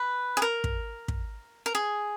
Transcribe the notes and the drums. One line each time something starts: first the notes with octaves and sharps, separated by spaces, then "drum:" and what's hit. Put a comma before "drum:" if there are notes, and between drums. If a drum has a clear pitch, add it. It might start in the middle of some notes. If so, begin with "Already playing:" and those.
Already playing: B4
G#4
A#4
drum: kick
drum: kick
A#4
G#4